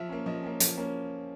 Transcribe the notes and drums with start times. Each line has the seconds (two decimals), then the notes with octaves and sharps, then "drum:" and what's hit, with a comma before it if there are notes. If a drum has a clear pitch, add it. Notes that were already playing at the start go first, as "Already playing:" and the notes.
Already playing: F3 E5
0.09 A#3 C#4
0.26 F3 D#5
0.43 A#3 C#4
0.60 F3, drum: hi-hat
0.78 A#3 C#4